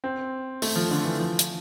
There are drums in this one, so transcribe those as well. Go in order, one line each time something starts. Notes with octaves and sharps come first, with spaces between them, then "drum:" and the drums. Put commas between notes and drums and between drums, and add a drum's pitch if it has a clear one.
C4
A3, drum: open hi-hat
F3
D3
E3
F3
drum: hi-hat